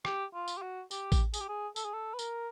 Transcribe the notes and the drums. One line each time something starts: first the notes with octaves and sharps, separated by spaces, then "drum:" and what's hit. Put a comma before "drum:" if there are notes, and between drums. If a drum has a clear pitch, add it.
G4, drum: rim click
F4
drum: tambourine
G4
F#4
G4, drum: tambourine
drum: kick A1, tambourine
G#4, drum: tambourine
G4
G#4
A4, drum: tambourine
G#4
A4
B4
A#4, drum: tambourine